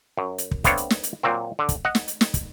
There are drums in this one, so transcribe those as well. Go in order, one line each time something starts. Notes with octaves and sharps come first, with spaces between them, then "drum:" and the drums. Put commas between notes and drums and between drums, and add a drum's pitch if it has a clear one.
F#2
drum: hi-hat
drum: kick
A3 B3 C4 D4 C#5 F5, drum: kick, hi-hat
drum: hi-hat
drum: snare
drum: hi-hat
A#2 F#3 C4
D3
drum: kick, hi-hat
D#5 F#5
drum: snare
drum: hi-hat
drum: snare
drum: kick, hi-hat